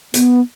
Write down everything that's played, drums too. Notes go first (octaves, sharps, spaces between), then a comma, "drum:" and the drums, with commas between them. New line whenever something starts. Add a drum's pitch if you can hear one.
B3, drum: hi-hat